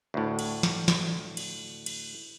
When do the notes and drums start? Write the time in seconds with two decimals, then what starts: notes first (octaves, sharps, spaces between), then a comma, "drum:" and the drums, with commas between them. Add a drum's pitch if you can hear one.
0.14 D2 A2
0.39 drum: cymbal
0.63 drum: snare
0.88 drum: snare
1.37 drum: cymbal
1.86 drum: cymbal